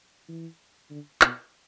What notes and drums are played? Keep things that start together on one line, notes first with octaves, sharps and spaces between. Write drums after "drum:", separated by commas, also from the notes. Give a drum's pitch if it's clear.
E3
D3
B2, drum: clap